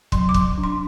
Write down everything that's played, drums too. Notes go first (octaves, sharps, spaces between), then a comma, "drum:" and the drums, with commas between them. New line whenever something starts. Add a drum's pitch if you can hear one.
F#3 C6, drum: kick
D6
F#3, drum: kick
D4
C6